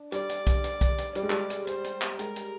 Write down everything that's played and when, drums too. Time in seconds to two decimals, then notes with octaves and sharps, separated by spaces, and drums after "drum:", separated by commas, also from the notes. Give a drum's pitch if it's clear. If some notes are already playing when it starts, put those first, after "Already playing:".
Already playing: D4
0.12 G3 D5, drum: hi-hat
0.29 drum: hi-hat
0.47 drum: kick B1, hi-hat
0.64 drum: hi-hat
0.81 drum: kick B1, hi-hat
0.98 drum: hi-hat
1.15 G3 D5, drum: hi-hat
1.23 G#3
1.30 G3, drum: clap
1.50 drum: hi-hat
1.67 C5, drum: hi-hat
1.84 drum: hi-hat
2.02 drum: clap
2.19 G#3 A#4, drum: hi-hat
2.36 drum: hi-hat